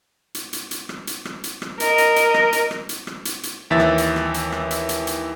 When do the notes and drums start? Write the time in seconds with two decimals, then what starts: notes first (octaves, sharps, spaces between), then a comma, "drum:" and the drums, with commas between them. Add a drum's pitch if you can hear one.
0.35 drum: hi-hat
0.53 drum: hi-hat
0.71 drum: hi-hat
0.89 drum: rim click
1.07 drum: hi-hat
1.25 drum: rim click
1.44 drum: hi-hat
1.62 drum: rim click
1.80 A#4 D#5, drum: hi-hat
1.98 drum: hi-hat
2.16 drum: hi-hat
2.34 drum: rim click
2.53 drum: hi-hat
2.71 drum: rim click
2.89 drum: hi-hat
3.07 drum: rim click
3.25 drum: hi-hat
3.43 drum: hi-hat
3.71 D#2 E3 E5 A6
3.80 drum: rim click
3.98 drum: hi-hat
4.16 drum: rim click
4.34 drum: hi-hat
4.52 drum: rim click
4.71 drum: hi-hat
4.89 drum: hi-hat
5.07 drum: hi-hat